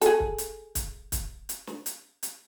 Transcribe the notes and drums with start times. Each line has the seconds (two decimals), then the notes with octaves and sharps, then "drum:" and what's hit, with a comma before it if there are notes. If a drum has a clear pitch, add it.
0.01 G#4 A4, drum: hi-hat
0.20 drum: kick C#1
0.38 drum: hi-hat
0.75 drum: kick C#1, hi-hat
1.12 drum: kick C#1, hi-hat
1.49 drum: hi-hat
1.67 drum: snare
1.86 drum: hi-hat
2.23 drum: hi-hat